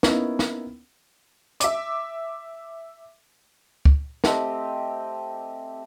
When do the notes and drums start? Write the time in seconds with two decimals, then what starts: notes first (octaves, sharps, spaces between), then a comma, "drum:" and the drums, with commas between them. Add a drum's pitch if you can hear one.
0.03 A#3 B3 C#4 D#4 E4, drum: snare
0.39 drum: snare
1.60 E5 D6, drum: hi-hat
3.85 drum: kick
4.24 A3 C4 G4 D#5, drum: snare